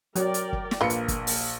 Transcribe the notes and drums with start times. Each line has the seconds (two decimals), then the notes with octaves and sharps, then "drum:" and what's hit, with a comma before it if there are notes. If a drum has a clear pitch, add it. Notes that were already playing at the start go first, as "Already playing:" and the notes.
0.15 F#3 A#4 C#5 D5 G5, drum: hi-hat
0.34 drum: hi-hat
0.53 drum: kick
0.71 drum: snare
0.81 A#1 A#3 F4 B4 C#7
0.90 drum: hi-hat
1.08 drum: kick, hi-hat
1.27 drum: open hi-hat